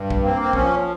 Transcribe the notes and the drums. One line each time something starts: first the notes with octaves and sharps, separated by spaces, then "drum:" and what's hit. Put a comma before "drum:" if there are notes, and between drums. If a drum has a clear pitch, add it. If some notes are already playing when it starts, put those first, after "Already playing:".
Already playing: G2
drum: kick
A#3 C4
C4
F3 C#4, drum: kick